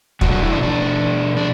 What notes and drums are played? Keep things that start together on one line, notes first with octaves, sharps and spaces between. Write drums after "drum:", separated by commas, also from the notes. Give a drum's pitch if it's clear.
B2 F#3 A3 D4 F#4, drum: kick
F#3 F#4
E4
D4
D4
D4